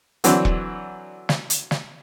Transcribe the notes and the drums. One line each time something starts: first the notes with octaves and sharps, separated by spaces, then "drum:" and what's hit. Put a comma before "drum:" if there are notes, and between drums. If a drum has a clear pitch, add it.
D3 E3 F#3 C4 D4, drum: hi-hat
drum: kick E1
drum: snare
drum: hi-hat
drum: snare